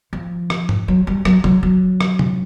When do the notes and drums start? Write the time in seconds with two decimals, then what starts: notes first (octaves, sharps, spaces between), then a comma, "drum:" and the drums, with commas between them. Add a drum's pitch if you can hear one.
0.13 F3
0.50 drum: rim click
0.69 drum: tom
0.88 F#3
1.07 G3
1.25 F#3, drum: rim click
1.44 F#3, drum: tom
1.63 F#3
2.01 drum: rim click
2.19 drum: tom